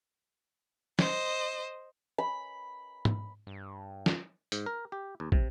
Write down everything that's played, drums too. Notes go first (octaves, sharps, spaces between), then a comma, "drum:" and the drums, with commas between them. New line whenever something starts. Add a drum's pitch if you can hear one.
C5 D#5, drum: snare
B5
drum: tom
G2
F4 A4, drum: snare
G#2, drum: hi-hat
A#4
G4
D#2
C3, drum: kick